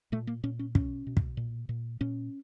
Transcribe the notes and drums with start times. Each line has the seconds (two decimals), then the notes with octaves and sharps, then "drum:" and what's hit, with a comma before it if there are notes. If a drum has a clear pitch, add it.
0.12 A#2 A3
0.27 A#3
0.43 A#2 C#4
0.59 C#4
0.75 B2 C#4, drum: kick
1.07 B2
1.17 drum: kick
1.37 A#2
1.69 A#2
2.01 A#2 C#4